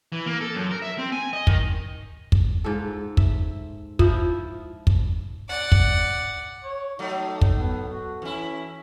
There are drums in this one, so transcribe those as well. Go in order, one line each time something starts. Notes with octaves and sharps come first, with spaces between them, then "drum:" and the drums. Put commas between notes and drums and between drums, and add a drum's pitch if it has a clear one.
E3
A#3
A4
F#2
A#4
E5
C4
G#5
D#5
D#3, drum: kick
drum: kick
G#2 F4 A4
E5, drum: kick
F3 E4 F4, drum: kick
drum: kick
D5 F#5
drum: kick
C#5
F#3 A3 D#4
drum: kick
B3
F#4
E3 C#4 E4